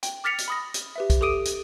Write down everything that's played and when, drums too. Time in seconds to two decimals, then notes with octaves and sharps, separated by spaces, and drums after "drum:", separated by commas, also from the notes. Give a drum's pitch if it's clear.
0.03 G5, drum: hi-hat
0.24 D6 F6 A6 B6 C#7 F7
0.38 drum: hi-hat
0.48 B5 D#6 A#6
0.74 drum: hi-hat
0.96 G4 B4 E5
1.10 drum: kick, hi-hat
1.21 G4 A4 D6 D#6 D7 D#7
1.45 drum: hi-hat